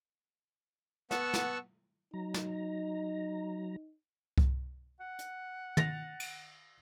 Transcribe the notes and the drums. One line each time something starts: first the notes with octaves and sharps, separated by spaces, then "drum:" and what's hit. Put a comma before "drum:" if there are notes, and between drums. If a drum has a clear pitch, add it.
B3 F#5 A5 C#6 E6, drum: snare
drum: snare
F#3 D#4 A#5
drum: snare
drum: kick C2
F#5
drum: hi-hat
A6 A#6 F7, drum: tom
drum: cymbal